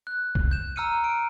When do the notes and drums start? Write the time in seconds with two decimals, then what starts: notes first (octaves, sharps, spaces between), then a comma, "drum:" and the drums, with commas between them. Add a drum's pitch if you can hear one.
0.07 F#6
0.35 drum: kick B1
0.51 G6 E7
0.76 A#5 E6 F6 C#7 D#7
1.04 D7